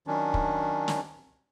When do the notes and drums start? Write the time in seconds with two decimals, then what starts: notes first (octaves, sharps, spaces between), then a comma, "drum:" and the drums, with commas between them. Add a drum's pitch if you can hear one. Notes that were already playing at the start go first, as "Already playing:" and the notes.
0.07 D#3 F#3 C#4 D4
0.34 drum: kick
0.88 drum: snare